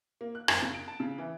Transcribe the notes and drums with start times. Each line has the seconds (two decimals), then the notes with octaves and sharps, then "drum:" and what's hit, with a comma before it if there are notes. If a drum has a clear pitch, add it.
0.21 A#3
0.35 F#6
0.48 F#1, drum: rim click
0.62 C#3
0.74 D7
0.88 A5
1.00 C#3
1.18 E3